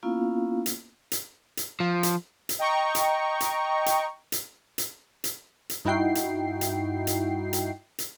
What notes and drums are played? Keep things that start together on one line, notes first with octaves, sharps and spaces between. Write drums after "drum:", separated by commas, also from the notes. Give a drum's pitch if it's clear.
A#3 B3 C#4 E4 F4 F5
drum: hi-hat
drum: hi-hat
drum: hi-hat
F3
drum: hi-hat
drum: hi-hat
D#5 G5 A#5 C#6
drum: hi-hat
drum: hi-hat
drum: hi-hat
drum: hi-hat
drum: hi-hat
drum: hi-hat
drum: hi-hat
G2 D#4 E4 F#4 G5 C7
drum: hi-hat
drum: hi-hat
drum: hi-hat
drum: hi-hat
drum: hi-hat